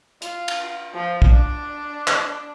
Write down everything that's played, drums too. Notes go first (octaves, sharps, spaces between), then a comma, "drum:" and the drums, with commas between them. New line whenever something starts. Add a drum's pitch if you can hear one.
F4, drum: hi-hat
drum: cymbal
F3
drum: kick
D4
drum: clap